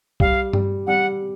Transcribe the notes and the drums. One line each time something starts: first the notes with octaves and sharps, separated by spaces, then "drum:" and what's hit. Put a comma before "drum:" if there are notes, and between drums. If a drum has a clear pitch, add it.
G3 F5, drum: kick
G3, drum: tom G2
G3 F#5